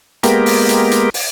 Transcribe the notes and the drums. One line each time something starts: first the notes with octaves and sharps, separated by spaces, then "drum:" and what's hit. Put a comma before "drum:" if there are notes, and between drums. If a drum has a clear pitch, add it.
G#3 A#3 B3 G4 A#4, drum: hi-hat
drum: open hi-hat
drum: hi-hat
drum: hi-hat
drum: open hi-hat